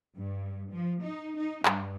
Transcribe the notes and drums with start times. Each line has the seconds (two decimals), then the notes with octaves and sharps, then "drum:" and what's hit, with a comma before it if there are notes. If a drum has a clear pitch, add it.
0.16 G2
0.71 F3
1.02 D#4
1.37 D#4
1.66 G2, drum: clap